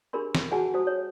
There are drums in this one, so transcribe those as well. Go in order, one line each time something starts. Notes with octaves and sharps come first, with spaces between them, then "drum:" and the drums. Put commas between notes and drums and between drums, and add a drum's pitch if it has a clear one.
D4 G4 G#4 A#4 B5 C6
C6, drum: snare
F#4 G#4 F#5 G#5 A5
F#4 G4 C5 A5 D#6
C#5